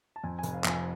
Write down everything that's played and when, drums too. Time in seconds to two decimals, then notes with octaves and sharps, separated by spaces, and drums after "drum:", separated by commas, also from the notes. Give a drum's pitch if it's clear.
0.16 A5
0.24 F2 G#5
0.39 G#5
0.43 F1, drum: hi-hat
0.54 F5
0.64 F2, drum: clap
0.70 G#5